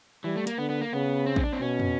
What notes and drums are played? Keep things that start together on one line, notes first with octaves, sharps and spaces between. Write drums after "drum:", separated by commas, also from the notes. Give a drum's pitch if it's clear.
E3 G3
A3
A#3, drum: hi-hat
D3 B3
B3
A#3
C#3 B3
C4
C#4, drum: kick
D4
C4
B2 C#4
drum: tom